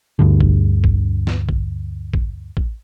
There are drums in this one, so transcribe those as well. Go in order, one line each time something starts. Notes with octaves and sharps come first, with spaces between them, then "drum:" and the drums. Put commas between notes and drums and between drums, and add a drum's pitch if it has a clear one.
D2 G2 D3
drum: kick A1
drum: kick A1
drum: snare
drum: kick A1
drum: kick A1
drum: kick A1